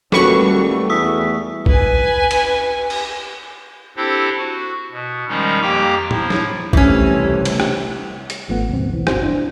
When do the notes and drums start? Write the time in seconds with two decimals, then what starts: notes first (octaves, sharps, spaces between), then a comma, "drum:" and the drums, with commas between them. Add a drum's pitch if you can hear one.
0.12 D#1 G3 A3 F#4 A4 B4 C#6, drum: snare
0.90 E2 D#6 E6 B6
1.66 B4 G#5, drum: kick B1
2.31 drum: cymbal
2.90 drum: cymbal
3.96 C4 D4 E4 G4 A4 C5
4.38 F#4
4.91 B2
5.28 D#3 F3 G3 G#3 C#4 D#4
5.62 F2 A#3 G4 G5 A#5 D6
6.11 F3 E4, drum: tom
6.30 drum: snare
6.73 C3 E3 G3 A3 C#4, drum: kick B1
7.45 drum: cymbal
7.60 drum: rim click
8.30 drum: hi-hat
8.48 G#1 F3 A3 B3 F#5
8.69 D2 G#2 B2 C4
8.89 B1 B2 E3
9.07 G1 C4 F#4 C5 A#6, drum: rim click
9.23 D4 E4